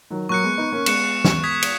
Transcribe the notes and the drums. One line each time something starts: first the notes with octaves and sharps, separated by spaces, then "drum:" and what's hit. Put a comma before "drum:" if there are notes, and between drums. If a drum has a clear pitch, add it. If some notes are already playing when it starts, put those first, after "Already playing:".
D#3 F#3
F#3 A#3 C#6 F#6 C#7
G#3 B3
B3 D#4
A#3 C#4
G#3 B3 F#6 C#7 E7, drum: cymbal
drum: snare
D#6 G#6 B6
drum: cymbal